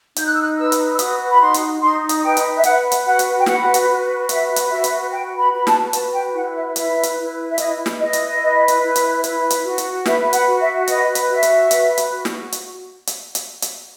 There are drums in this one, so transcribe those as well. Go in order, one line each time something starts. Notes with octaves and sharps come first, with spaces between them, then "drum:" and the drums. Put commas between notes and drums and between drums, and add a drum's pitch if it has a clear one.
D#4 G6, drum: hi-hat
F#6
E6
F#6
B4 E6
drum: hi-hat
E6
F#4 D#6, drum: hi-hat
B5
D#4 C6
drum: hi-hat
D#4 C6
drum: hi-hat
B4 G5
drum: hi-hat
E5
B4 F#5, drum: hi-hat
drum: hi-hat
F#4 F#5
drum: hi-hat
G5
B4 F#5, drum: snare
drum: hi-hat
F#4
B4 E5, drum: hi-hat
drum: hi-hat
F#4 E5
drum: hi-hat
B4 G5
B5
F#4 B5
A5, drum: snare
B4 A5, drum: hi-hat
G5
E4 F#5
E5
B4 E5, drum: hi-hat
drum: hi-hat
E4
E5
B4 D#5, drum: hi-hat
drum: snare
E4 D#5
drum: hi-hat
B4
drum: hi-hat
E4
drum: hi-hat
B4, drum: hi-hat
drum: hi-hat
F#4
drum: hi-hat
B4 E5, drum: snare
F#5, drum: hi-hat
F#4
E5
B4 D#5, drum: hi-hat
drum: hi-hat
F#4 E5
drum: hi-hat
B4, drum: hi-hat
drum: hi-hat
F#4
drum: snare
drum: hi-hat
drum: hi-hat
drum: hi-hat
drum: hi-hat